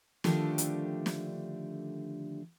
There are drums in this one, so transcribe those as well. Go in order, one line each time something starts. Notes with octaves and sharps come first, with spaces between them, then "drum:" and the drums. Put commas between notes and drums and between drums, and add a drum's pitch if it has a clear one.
D3 D#3 F3 A3 D4 G4, drum: snare
drum: hi-hat
drum: snare